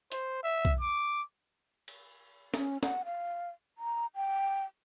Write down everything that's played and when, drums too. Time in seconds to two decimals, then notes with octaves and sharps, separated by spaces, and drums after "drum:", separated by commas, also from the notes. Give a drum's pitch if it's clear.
0.12 C5, drum: hi-hat
0.43 E5
0.65 drum: kick
0.81 D6
1.88 drum: cymbal
2.54 C#4, drum: snare
2.83 F#5, drum: snare
3.05 F5
3.78 A#5
4.15 G5